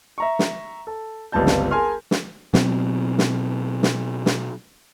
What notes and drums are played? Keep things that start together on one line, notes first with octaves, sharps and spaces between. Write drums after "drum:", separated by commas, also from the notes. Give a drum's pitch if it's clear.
E5 A#5 C#6
drum: snare
A4
G1 C#2 G3 C4 A5 G6
drum: snare
G#4 A#4 G#5 A5 C6 F6
drum: snare
B2 F#3 C4, drum: snare
drum: snare
drum: snare
drum: snare